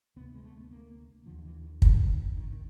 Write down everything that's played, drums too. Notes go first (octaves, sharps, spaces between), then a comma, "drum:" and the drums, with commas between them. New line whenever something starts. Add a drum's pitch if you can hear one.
D2 C3 B3
G#3
A3
B3
A#3
D#2 D3 F3
E3
D#3
D3, drum: kick
D#3
D3
C#2 C3 D#3